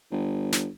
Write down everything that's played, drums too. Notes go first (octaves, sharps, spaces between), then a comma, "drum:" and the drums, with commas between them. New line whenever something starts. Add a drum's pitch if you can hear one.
G1
drum: snare